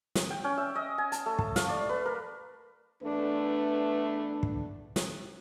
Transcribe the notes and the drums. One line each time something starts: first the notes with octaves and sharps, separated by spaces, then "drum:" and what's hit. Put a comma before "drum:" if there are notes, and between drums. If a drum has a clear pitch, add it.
drum: snare
G5
C#4
E5
D#5
G#5
A5, drum: hi-hat
A3
A5, drum: kick
F5, drum: snare
D5
B4
A#4
E2 A3 D4 B4
drum: kick
drum: snare